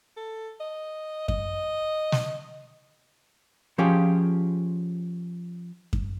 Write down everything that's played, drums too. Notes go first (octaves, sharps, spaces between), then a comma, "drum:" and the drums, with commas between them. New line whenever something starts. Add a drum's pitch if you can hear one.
A4
D#5
D#5, drum: kick F#2
drum: snare
F3 C#4 F4 G4 G#4
drum: kick F#2